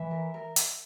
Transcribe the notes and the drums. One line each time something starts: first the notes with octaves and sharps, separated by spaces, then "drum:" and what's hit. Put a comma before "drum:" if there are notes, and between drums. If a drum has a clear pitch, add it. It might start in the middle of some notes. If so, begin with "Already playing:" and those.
Already playing: E3 E5
A#4
A#4
drum: hi-hat